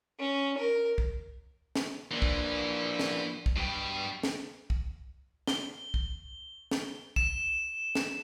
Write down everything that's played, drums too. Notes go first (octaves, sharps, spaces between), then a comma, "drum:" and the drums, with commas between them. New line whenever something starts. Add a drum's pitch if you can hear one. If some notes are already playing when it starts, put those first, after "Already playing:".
C#4
A#4
drum: kick
drum: snare
E3 A#3 D4
drum: kick
drum: snare
drum: kick
G2 B2 G5
drum: snare
drum: kick
G7, drum: snare
drum: kick
drum: snare
E7, drum: kick
drum: snare